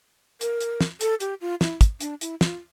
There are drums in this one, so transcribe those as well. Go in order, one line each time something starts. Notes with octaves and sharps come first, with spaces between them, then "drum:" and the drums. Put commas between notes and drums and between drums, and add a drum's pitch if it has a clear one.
A#4, drum: hi-hat
drum: hi-hat
drum: snare
A4, drum: hi-hat
G4, drum: hi-hat
F4
E4, drum: snare
drum: kick, hi-hat
D4, drum: hi-hat
E4, drum: hi-hat
F4, drum: snare